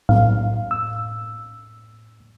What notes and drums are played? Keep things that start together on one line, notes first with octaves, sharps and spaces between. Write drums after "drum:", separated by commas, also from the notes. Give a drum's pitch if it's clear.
F5, drum: tom A2
E6